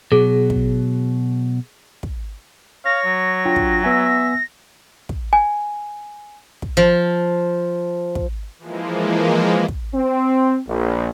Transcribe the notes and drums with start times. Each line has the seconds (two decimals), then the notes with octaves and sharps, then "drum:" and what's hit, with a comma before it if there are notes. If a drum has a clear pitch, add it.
0.12 B2 F#3 G#4
0.50 drum: kick
2.03 drum: kick
2.85 C#5 F5 A#6
3.05 F#3
3.45 D4 F4 G5
3.56 drum: kick
3.84 B3 E5 G#5
5.09 drum: kick
5.33 G#5
6.62 drum: kick
6.77 F3
8.15 drum: kick
8.58 E3 F3 G#3 A#3
9.68 drum: kick
9.94 C4
10.68 A#1